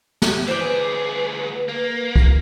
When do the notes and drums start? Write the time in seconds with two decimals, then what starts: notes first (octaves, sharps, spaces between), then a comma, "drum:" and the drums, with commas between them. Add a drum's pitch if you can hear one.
0.22 drum: snare
0.48 E3 C5 D5
0.61 D2 G#4 B4
1.68 A#3
2.16 drum: kick C2